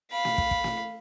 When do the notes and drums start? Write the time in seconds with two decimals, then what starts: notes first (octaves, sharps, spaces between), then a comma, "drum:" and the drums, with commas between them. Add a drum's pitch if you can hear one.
0.12 F5 B5
0.25 drum: snare
0.38 drum: kick
0.51 drum: kick
0.64 drum: snare